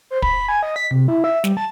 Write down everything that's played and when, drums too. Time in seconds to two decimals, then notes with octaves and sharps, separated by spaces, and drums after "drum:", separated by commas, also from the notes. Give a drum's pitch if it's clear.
0.10 C5
0.22 B5, drum: kick
0.48 G#5
0.63 D#5
0.76 B6
0.91 C3
1.08 E4
1.24 E5
1.44 G3, drum: snare
1.57 A5